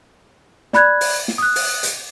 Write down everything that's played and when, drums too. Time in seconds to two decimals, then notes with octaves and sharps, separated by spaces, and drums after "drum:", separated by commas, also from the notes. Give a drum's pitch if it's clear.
0.73 D5 B5 F#6 G#6, drum: snare
1.01 drum: open hi-hat
1.28 drum: snare
1.38 D#6 F#6
1.56 drum: open hi-hat
1.83 drum: hi-hat